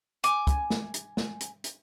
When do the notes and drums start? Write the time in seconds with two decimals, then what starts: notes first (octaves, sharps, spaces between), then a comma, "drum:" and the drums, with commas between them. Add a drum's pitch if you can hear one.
0.24 G#5 D6, drum: hi-hat
0.47 drum: kick, hi-hat
0.70 drum: snare
0.94 drum: hi-hat
1.17 drum: snare
1.40 drum: hi-hat
1.64 drum: hi-hat